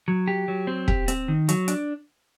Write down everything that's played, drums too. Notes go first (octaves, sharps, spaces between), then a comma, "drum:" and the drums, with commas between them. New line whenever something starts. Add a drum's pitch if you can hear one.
F#3
G4
F#3
C4
G4, drum: kick E1
C4, drum: hi-hat
D#3
F#3, drum: hi-hat
D4, drum: hi-hat